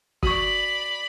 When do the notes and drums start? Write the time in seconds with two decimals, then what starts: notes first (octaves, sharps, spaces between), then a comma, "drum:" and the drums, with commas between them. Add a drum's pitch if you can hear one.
0.23 F#4 D5 B5 C#6, drum: kick